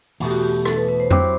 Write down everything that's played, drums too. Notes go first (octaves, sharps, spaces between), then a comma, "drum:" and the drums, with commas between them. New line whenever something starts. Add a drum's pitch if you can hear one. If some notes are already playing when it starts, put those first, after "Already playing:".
E2 B2 A3 G4, drum: open hi-hat
F#4
G4
A4, drum: rim click
B4
B4
C5
F#3 C4 E4 G4 C5, drum: tom F2